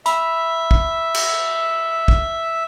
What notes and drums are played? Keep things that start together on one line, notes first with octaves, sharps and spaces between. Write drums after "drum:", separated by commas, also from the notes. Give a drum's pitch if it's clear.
E5 B5, drum: hi-hat
drum: kick
drum: cymbal
drum: kick